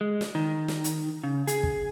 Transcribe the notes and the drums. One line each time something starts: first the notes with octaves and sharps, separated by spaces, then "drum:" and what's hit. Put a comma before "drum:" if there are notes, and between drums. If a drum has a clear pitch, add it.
G#3
drum: snare
D#3
drum: snare
drum: hi-hat
C#3
G#4, drum: hi-hat
drum: kick